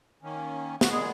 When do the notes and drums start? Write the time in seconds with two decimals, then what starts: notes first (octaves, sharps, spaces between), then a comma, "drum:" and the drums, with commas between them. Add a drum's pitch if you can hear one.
0.23 D#3 A#3 C#4
0.81 F#4, drum: snare
0.88 A#2 G#3 B3 G#4